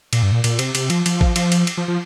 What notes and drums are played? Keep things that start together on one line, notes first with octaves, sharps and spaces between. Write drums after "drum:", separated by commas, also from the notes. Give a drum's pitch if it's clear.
A#2, drum: cymbal
G2
A#2
A#2, drum: cymbal
C3, drum: cymbal
C3, drum: cymbal
F3, drum: cymbal
F3, drum: cymbal
drum: kick A1
F3, drum: cymbal
drum: cymbal
drum: cymbal
F3
F3